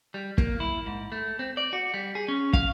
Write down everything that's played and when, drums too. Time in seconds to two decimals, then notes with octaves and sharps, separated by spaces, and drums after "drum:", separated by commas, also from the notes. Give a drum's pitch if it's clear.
0.14 G3
0.38 A#3, drum: kick
0.60 E4
0.86 G#2
1.12 A3
1.39 C4
1.57 D5
1.73 F#4
1.94 G3
2.15 G#4
2.28 C#4
2.53 F5, drum: kick